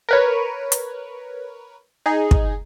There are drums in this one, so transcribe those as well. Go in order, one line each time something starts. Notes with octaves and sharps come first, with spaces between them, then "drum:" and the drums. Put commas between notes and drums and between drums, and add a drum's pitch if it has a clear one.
A#4 B4 C#5
drum: hi-hat
D#4 G#4
drum: kick